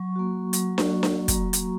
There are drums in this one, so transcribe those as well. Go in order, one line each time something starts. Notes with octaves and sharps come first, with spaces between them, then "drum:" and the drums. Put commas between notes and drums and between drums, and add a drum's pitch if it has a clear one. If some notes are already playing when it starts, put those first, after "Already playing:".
Already playing: F#3 C#6
A#3 F#4
F#3, drum: hi-hat
drum: snare D4
A#3 F#4
drum: snare D4
F#3 A#5, drum: kick, hi-hat
drum: hi-hat